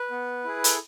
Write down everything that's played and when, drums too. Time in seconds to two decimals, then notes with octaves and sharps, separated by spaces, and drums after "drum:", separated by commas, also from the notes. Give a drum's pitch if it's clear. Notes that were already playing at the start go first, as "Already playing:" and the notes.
Already playing: B4
0.10 B3
0.44 E4 G#4
0.64 A4, drum: hi-hat